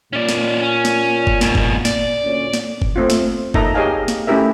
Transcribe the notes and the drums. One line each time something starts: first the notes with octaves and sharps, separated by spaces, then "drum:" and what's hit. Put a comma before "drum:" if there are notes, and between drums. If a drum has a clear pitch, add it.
A#2 C#4 D5
drum: snare
C#4
drum: snare
drum: kick F#1
G#2 B2, drum: snare
drum: kick F#1
D5, drum: snare
D2 A#2 C#4
drum: snare
drum: kick F#1
A3 C4 F4
drum: snare
A#3 D#4 A4 D#5 E5 A#5, drum: kick F#1
G4 G#4 C#5 D#5 F5 G#5
drum: snare
A3 C#4 E4 G4 A#4 E5